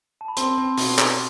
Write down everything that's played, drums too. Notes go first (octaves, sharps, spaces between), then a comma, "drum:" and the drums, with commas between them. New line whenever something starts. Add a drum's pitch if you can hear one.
A5
B5
C4 C6, drum: hi-hat
C4
B2, drum: open hi-hat
G4, drum: clap